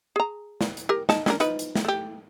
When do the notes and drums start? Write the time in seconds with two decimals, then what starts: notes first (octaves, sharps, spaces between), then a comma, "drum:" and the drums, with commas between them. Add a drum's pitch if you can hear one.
0.16 G#4 A#5
0.61 drum: snare
0.77 drum: hi-hat
0.89 G4 A#4
1.09 D#4 A5, drum: snare
1.26 C#4 D4 A#4, drum: snare
1.40 F3 D#4 B4, drum: hi-hat
1.59 drum: hi-hat
1.75 drum: snare
1.85 A3 G4